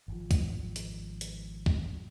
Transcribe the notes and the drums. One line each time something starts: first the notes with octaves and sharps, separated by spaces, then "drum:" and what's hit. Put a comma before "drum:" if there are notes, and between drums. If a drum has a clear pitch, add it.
G#1 F3
drum: kick, hi-hat
drum: hi-hat
drum: hi-hat
drum: kick